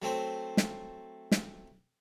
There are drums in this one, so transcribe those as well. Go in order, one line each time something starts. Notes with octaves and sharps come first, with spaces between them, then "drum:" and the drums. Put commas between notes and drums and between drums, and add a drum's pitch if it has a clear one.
F#3 A3 C4 C5
drum: snare
drum: snare